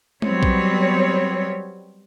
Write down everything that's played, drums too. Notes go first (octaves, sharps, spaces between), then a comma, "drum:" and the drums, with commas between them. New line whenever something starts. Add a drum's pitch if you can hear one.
F#3 G3 B3 C4 C#5, drum: tom G#3
drum: kick